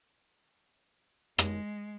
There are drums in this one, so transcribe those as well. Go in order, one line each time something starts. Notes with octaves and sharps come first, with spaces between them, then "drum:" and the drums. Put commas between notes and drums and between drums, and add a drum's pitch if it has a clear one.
G#3, drum: rim click